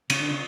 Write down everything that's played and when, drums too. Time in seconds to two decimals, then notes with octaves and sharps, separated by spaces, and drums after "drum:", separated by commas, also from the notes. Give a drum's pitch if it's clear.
0.10 C#3 C#4, drum: cymbal
0.20 D3 D4
0.30 C#3 C#4